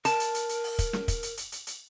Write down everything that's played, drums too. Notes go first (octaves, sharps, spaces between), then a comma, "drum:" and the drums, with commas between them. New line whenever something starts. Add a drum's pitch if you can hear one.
A#4 A5, drum: hi-hat
drum: hi-hat
drum: hi-hat
drum: hi-hat
drum: open hi-hat
drum: kick, hi-hat
drum: snare
drum: kick, hi-hat
drum: hi-hat
drum: hi-hat
drum: hi-hat
drum: hi-hat